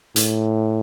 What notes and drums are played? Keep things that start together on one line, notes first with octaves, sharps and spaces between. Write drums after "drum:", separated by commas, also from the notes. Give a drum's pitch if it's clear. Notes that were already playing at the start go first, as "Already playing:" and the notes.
A2, drum: hi-hat